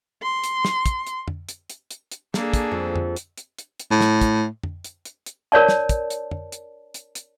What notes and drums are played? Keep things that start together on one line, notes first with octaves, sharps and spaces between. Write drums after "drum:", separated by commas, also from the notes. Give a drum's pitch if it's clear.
C6
drum: hi-hat
drum: snare
drum: kick, hi-hat
drum: hi-hat
drum: tom F2
drum: hi-hat
drum: hi-hat
drum: hi-hat
drum: hi-hat
A#3 D4 G#4 A4, drum: snare
drum: kick, hi-hat
F2
drum: tom F2
drum: hi-hat
drum: hi-hat
drum: hi-hat
drum: hi-hat
A2
drum: snare
drum: kick, hi-hat
drum: tom F2
drum: hi-hat
drum: hi-hat
drum: hi-hat
A#4 C#5 D5 A5
drum: snare
drum: kick, hi-hat
drum: hi-hat
drum: tom F2
drum: hi-hat
drum: hi-hat
drum: hi-hat